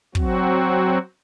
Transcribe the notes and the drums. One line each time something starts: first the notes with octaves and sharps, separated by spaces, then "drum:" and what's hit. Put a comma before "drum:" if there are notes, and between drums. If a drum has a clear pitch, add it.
F#3 C4 F#4, drum: kick